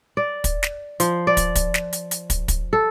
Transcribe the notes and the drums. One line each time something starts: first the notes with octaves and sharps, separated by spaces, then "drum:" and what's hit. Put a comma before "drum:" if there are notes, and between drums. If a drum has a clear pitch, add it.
D5
drum: kick, hi-hat
drum: snare
F3, drum: hi-hat
D5
drum: kick, hi-hat
drum: kick, hi-hat
drum: snare
drum: hi-hat
drum: hi-hat
drum: kick, hi-hat
drum: kick, hi-hat
A4